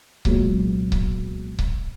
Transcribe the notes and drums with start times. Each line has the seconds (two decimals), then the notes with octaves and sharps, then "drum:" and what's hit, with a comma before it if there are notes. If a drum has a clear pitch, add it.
0.25 C2 A#2 F#3 G#3 B3, drum: kick C#1
0.92 drum: kick C#1
1.59 drum: kick C#1